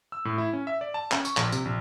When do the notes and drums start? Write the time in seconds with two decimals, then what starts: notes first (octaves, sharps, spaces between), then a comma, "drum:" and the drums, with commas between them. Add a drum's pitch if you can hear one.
0.12 E6
0.25 A2
0.38 E4
0.53 C#4
0.67 E5
0.81 D5
0.94 A5
1.12 C#4, drum: clap
1.25 C#6, drum: tambourine
1.37 A#1, drum: clap
1.52 C3, drum: tambourine
1.65 A#1